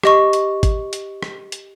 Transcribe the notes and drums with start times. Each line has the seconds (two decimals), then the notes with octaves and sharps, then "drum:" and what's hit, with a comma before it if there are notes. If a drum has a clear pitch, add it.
0.03 G4 D#5 C#6, drum: rim click
0.33 drum: hi-hat
0.63 drum: kick G#1, hi-hat
0.93 drum: hi-hat
1.23 drum: rim click
1.52 drum: hi-hat